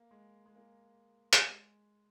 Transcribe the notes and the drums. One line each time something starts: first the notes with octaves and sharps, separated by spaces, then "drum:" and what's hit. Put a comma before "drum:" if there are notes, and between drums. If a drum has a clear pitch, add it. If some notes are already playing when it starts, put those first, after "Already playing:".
Already playing: A#3
G#3
G#3
A#3
drum: hi-hat
G#3